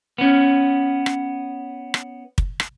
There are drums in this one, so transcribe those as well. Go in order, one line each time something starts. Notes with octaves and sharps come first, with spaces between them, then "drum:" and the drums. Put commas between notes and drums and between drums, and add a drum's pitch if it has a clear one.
B3 C#4
drum: rim click
drum: rim click
drum: kick
drum: rim click